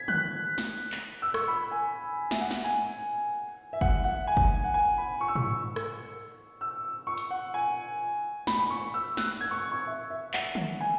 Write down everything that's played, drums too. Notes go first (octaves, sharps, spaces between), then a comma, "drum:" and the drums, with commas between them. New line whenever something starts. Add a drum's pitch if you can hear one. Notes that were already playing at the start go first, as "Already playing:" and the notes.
Already playing: G#6 B6
F#6, drum: tom
drum: snare
drum: clap
E6
C#6, drum: rim click
B5
G#5
E5, drum: snare
F#5
drum: snare
G#5
E5
F#5, drum: kick F#1
F#5
G#5
drum: kick F#1
F#5
G#5
B5
C#6
E6
C#6, drum: tom G#2
drum: rim click
E6
C#6
drum: hi-hat
F#5
G#5
B5, drum: snare
B5
C#6
E6
F#6, drum: snare
G#6
C#6
E6
C#6
E5
E5
F#5, drum: clap
drum: tom
G#5